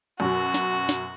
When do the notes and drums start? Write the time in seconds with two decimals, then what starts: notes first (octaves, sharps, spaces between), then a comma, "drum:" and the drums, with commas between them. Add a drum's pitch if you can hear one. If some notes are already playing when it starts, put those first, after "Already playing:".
0.20 F#2 B2 F#3 F#4, drum: hi-hat
0.54 drum: snare
0.89 drum: snare